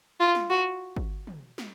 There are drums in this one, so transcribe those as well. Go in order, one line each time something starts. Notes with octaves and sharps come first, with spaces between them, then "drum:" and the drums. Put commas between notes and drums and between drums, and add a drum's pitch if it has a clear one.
F4
drum: snare
F#4
drum: kick
drum: tom
drum: snare